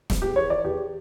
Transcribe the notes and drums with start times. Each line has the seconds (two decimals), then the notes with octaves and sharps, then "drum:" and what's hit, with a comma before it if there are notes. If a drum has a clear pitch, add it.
0.10 drum: snare
0.22 E2 G4
0.36 E3 C#5
0.50 E3 D5
0.64 E2 G4